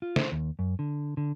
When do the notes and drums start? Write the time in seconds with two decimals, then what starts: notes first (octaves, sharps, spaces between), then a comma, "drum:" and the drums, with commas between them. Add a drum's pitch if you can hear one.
0.02 F4
0.16 C5, drum: snare
0.32 D#2
0.59 F#2
0.79 D3
1.17 D3